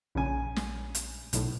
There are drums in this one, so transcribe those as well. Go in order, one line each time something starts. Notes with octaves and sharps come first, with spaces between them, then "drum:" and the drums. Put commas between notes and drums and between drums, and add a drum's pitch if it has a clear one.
A#1 C#3 G#5
drum: snare
drum: hi-hat
B1 A2, drum: hi-hat